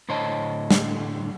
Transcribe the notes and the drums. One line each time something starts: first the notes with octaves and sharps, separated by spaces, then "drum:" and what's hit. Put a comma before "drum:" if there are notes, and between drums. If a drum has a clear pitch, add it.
A2 D3 C5 C#5 D#5 A5
drum: snare